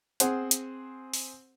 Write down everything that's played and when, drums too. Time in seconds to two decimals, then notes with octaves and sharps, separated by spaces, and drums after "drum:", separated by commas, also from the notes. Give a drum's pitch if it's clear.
0.20 C4 G#4 C5 F#5, drum: hi-hat
0.51 drum: hi-hat
1.14 drum: open hi-hat